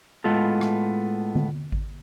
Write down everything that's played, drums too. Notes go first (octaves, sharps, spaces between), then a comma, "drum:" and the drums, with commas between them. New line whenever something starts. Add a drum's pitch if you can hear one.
A2 G#3 B3 F4 A4
drum: rim click
drum: tom D3
drum: kick G#1